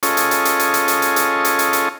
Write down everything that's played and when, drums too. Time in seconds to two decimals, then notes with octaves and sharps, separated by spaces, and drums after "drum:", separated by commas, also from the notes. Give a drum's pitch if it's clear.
0.03 C#4 F4 G#4 A4 C#5 D#5, drum: hi-hat
0.17 drum: hi-hat
0.31 drum: hi-hat
0.45 drum: hi-hat
0.59 drum: hi-hat
0.74 drum: hi-hat
0.88 drum: hi-hat
1.02 drum: hi-hat
1.16 drum: hi-hat
1.45 drum: hi-hat
1.59 drum: hi-hat
1.73 drum: hi-hat